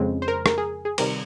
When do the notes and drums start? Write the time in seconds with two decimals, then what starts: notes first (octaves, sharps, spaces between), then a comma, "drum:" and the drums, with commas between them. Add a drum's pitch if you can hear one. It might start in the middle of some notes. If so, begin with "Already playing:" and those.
Already playing: F2 C#3 G#3 C4
0.22 C5
0.28 A#4
0.46 A#4, drum: rim click
0.58 G#4
0.85 G#4
0.98 C3 D#3 G3 C4 A#4, drum: cymbal